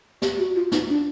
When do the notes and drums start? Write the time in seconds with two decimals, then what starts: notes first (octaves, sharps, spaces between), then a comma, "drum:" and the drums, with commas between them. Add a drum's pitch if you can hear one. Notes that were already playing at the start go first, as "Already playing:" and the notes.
0.22 G4, drum: snare
0.39 F#4
0.56 F4
0.72 D#4, drum: snare
0.89 D4